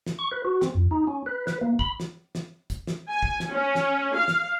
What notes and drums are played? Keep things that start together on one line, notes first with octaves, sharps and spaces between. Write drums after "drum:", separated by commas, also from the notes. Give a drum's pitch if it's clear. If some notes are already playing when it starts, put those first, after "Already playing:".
drum: snare
C#6
B4
F#4
C4, drum: snare
F2
D#4
C#4
B4
B4, drum: snare
A#3
B5, drum: kick
drum: snare
drum: snare
drum: kick, hi-hat
drum: snare
G#5
drum: kick
drum: snare
C#4
drum: snare
F5
drum: snare